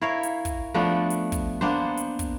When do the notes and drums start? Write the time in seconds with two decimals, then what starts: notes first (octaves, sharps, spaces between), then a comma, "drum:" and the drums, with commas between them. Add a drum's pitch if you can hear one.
0.01 E4 A#4 C#5 F5
0.23 drum: hi-hat
0.45 drum: kick, hi-hat
0.74 F3 A3 B3 D4
1.10 drum: hi-hat
1.32 drum: kick, hi-hat
1.61 A#3 B3 D4 C5
1.97 drum: hi-hat
2.19 drum: kick, hi-hat